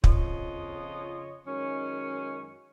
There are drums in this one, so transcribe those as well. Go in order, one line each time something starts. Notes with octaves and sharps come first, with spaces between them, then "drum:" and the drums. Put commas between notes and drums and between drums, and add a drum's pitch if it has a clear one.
F2 C#3 F4 C#5 D#5, drum: kick
F#2 D#3 G#3 C#4